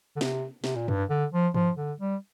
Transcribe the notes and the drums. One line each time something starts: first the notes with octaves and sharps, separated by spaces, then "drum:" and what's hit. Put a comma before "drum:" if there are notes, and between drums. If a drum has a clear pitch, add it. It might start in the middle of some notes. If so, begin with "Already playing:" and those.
D3
C3, drum: snare
C3, drum: snare
A#2
G2, drum: tom G2
D3
F3
F3, drum: tom G2
D3
G3